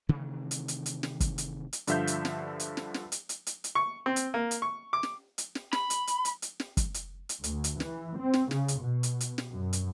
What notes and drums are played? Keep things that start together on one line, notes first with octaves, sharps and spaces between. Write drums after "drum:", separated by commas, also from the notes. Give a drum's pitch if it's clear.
C3 D#3 E3 A3
drum: hi-hat
drum: hi-hat
drum: hi-hat
drum: snare
drum: kick, hi-hat
drum: hi-hat
drum: hi-hat
G2 D3 F3 E5 F5 G6, drum: hi-hat
drum: hi-hat
drum: snare
drum: hi-hat
drum: snare
drum: snare
drum: hi-hat
drum: hi-hat
drum: hi-hat
drum: hi-hat
C#6
C4
drum: hi-hat
A#3
drum: hi-hat
C#6
D6
drum: snare
drum: hi-hat
drum: snare
B5, drum: snare
drum: hi-hat
drum: hi-hat
drum: hi-hat
drum: hi-hat
drum: snare
drum: kick, hi-hat
drum: hi-hat
drum: hi-hat
D2, drum: hi-hat
drum: hi-hat
E3, drum: snare
C4
drum: snare
C#3, drum: snare
drum: hi-hat
B2
drum: hi-hat
drum: hi-hat
drum: snare
F#2
drum: hi-hat